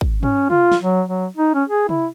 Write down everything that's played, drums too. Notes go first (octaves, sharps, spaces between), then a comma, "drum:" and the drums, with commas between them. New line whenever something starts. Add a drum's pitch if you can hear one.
drum: kick
C#4, drum: tom
F4, drum: tom C3
drum: snare
F#3
F#3
D#4
C#4
G#4
E4, drum: tom C3